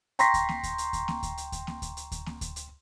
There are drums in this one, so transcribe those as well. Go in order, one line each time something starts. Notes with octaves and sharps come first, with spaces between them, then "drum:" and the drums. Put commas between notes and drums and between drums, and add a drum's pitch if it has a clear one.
G5 A#5 C6 C#6 A#6 B6, drum: hi-hat
drum: kick D2, hi-hat
drum: snare A#3
drum: kick D2, hi-hat
drum: hi-hat
drum: kick D2, hi-hat
drum: snare A#3
drum: kick D2, hi-hat
drum: hi-hat
drum: kick D2, hi-hat
drum: snare A#3
drum: kick D2, hi-hat
drum: hi-hat
drum: kick D2, hi-hat
drum: snare A#3
drum: kick D2, hi-hat
drum: hi-hat